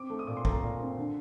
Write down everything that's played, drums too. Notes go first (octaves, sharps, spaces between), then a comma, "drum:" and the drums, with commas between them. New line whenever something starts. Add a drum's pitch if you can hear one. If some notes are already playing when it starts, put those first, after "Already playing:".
Already playing: C4 D6
A3
D#6
A#2 D6
C6
A3 A#5, drum: kick A#1
A#2
C4
D3